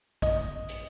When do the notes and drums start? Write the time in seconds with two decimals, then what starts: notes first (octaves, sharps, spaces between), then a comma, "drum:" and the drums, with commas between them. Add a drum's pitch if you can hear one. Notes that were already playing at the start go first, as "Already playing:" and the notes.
0.22 D#5, drum: kick, hi-hat
0.69 drum: hi-hat